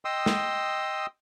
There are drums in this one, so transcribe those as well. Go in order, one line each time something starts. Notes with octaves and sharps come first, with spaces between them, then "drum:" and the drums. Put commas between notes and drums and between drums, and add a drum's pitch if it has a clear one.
D#5 G5 C6 D#6 E6
drum: snare